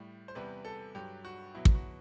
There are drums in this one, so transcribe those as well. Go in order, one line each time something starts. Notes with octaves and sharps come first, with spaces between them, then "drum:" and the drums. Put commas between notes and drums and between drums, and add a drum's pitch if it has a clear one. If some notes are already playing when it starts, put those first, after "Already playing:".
Already playing: A2 G3
C5
E2 C3 G3 B4
A4
G2 F#3 G4
F#4
B2 F#3 E4
drum: kick
F#4